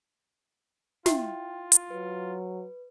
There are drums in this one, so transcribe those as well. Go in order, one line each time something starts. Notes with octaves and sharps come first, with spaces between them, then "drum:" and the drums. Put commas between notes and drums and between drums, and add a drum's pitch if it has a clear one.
E4 F4 E5 G5, drum: snare
drum: hi-hat
F#3 B4